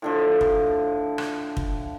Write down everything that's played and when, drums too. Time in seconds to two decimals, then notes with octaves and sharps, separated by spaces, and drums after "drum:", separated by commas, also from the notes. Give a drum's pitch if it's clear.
0.02 A2 D3 F3
0.41 drum: kick
1.18 drum: rim click
1.57 drum: kick